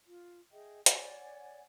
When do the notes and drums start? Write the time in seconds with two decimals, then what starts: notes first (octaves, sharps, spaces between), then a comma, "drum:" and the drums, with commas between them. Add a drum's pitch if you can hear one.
0.06 F4
0.52 G#4 D#5 E5 G5
0.86 C#5 D5 F#5 G#5, drum: hi-hat